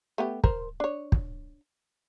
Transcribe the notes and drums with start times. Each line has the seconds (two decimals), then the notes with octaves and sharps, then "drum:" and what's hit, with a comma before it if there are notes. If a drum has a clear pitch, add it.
0.18 A3 B3 G4
0.44 A#4 C5, drum: kick
0.80 D4 C#5
1.12 drum: kick